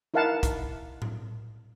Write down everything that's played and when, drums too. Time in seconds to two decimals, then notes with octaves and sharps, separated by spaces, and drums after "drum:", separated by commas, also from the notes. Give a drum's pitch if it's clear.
0.14 D#4 E4 A#4 F5 F#5 A5
0.43 drum: kick, hi-hat
1.02 drum: tom A2